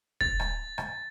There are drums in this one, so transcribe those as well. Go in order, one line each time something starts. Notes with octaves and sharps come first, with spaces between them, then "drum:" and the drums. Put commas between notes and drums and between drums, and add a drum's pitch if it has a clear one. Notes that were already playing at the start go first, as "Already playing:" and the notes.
A6, drum: kick
drum: rim click
drum: rim click